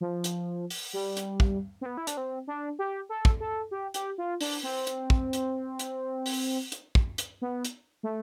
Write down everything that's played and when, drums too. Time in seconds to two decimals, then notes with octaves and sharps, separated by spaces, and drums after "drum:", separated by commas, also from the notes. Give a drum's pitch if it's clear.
0.01 F3
0.24 drum: hi-hat
0.70 drum: open hi-hat
0.93 G3
1.17 drum: hi-hat
1.40 drum: kick
1.81 C4
1.86 B3
1.97 E4
2.07 D4, drum: hi-hat
2.17 C4
2.47 D4
2.79 G4
3.09 A4
3.25 drum: kick
3.40 A4
3.71 G4
3.94 G4, drum: hi-hat
4.18 F4
4.41 D4, drum: open hi-hat
4.63 C4
4.87 drum: hi-hat
5.10 drum: kick
5.33 drum: hi-hat
5.79 drum: hi-hat
6.26 drum: open hi-hat
6.72 drum: hi-hat
6.95 drum: kick
7.18 drum: hi-hat
7.42 B3
7.65 drum: hi-hat
8.03 A3